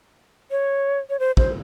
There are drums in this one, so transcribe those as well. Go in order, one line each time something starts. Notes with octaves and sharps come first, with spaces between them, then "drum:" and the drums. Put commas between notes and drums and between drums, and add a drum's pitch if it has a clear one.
C#5
C#5
C5
C5, drum: kick